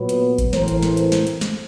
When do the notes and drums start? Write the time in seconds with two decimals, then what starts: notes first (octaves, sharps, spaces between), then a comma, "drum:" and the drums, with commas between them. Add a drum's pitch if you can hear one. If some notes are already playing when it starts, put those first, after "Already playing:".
Already playing: A#2 F#3 B3
0.09 drum: hi-hat
0.38 drum: kick G#1, hi-hat
0.53 A2 E3 A3 C4 A#4 C5, drum: snare
0.68 drum: hi-hat
0.83 drum: snare
0.97 drum: hi-hat
1.12 drum: snare
1.27 drum: hi-hat
1.41 drum: snare